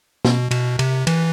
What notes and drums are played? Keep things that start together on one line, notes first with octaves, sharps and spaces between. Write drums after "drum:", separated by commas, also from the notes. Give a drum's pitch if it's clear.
B2, drum: snare
B2, drum: cymbal
C3, drum: cymbal
E3, drum: cymbal